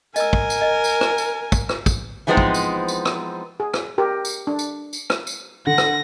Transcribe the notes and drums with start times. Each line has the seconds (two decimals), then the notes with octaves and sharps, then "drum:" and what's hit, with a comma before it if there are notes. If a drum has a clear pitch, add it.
0.16 A#4 D#5 G#5 E6, drum: tambourine
0.33 drum: kick
0.50 drum: tambourine
0.61 D#5
0.84 drum: tambourine
1.01 drum: rim click
1.18 drum: tambourine
1.52 drum: kick, tambourine
1.69 drum: rim click
1.86 drum: kick, tambourine
2.27 E3 F3 G#3 B3 C4 D#4
2.37 drum: kick
2.54 drum: tambourine
2.88 drum: tambourine
3.05 drum: rim click
3.60 G#4
3.74 drum: rim click
3.98 G4 A#4
4.25 drum: tambourine
4.47 D4
4.59 drum: tambourine
4.93 drum: tambourine
5.10 drum: rim click
5.27 drum: tambourine
5.67 D3 F#5 A#6
5.78 drum: rim click